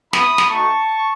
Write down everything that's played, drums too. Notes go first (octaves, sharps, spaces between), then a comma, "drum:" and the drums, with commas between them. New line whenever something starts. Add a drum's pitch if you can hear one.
B3 E4 B5 D#6, drum: snare
drum: snare
A3 D#4 F#4 A5 C#6